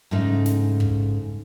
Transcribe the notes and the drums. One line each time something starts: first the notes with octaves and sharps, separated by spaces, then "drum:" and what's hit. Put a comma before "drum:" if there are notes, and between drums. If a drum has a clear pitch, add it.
G#2 C#3 A3 D#4
drum: snare
drum: kick